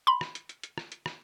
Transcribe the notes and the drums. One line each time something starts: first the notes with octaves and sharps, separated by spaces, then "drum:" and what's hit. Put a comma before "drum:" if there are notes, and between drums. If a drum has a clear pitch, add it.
B5 C6
drum: rim click
drum: hi-hat
drum: hi-hat
drum: hi-hat
drum: rim click
drum: hi-hat
drum: rim click